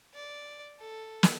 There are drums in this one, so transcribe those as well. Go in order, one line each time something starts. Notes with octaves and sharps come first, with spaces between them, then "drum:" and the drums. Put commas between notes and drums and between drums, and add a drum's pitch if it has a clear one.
D5
A4
drum: snare